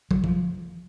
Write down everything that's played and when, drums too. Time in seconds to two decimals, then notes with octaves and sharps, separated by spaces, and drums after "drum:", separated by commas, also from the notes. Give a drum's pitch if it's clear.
0.11 F#3, drum: kick
0.24 F3, drum: kick